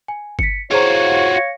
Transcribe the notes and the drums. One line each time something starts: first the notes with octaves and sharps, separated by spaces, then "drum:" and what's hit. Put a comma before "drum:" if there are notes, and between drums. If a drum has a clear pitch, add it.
G#5
B6 C#7, drum: kick F#1
F4 F#4 G#4 C5 C#5 A#5
F5 A#6 C#7